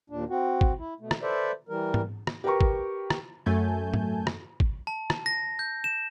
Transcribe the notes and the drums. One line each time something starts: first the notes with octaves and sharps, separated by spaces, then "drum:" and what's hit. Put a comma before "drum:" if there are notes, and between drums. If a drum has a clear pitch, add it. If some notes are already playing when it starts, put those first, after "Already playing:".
D#2 A#2 D4
C4 F#4
drum: kick
E4
B2 A3
drum: rim click
A4 B4 C5 D5 E5
E3 G3 A#4
drum: tom G#2
drum: rim click
G4 A#4 B4 G5 A#5 C#6
drum: kick
drum: rim click
F#2 A3 G#5 A5 G6
drum: tom G#2
drum: rim click
drum: kick
A5
drum: rim click
A#6
G6
E7